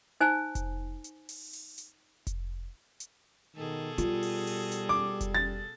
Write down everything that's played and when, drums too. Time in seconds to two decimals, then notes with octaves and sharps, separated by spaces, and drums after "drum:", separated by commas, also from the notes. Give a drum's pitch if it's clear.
0.20 D#4 C5 G#5
0.55 drum: kick F1, hi-hat
1.04 drum: hi-hat
1.29 drum: open hi-hat
1.53 drum: open hi-hat
1.78 drum: hi-hat
2.27 drum: kick F1, hi-hat
3.00 drum: hi-hat
3.56 B2 D#3 G#4 A4
3.98 G3 F4, drum: hi-hat
4.23 drum: open hi-hat
4.47 drum: open hi-hat
4.72 drum: hi-hat
4.89 D6
5.21 drum: kick F1, hi-hat
5.35 A6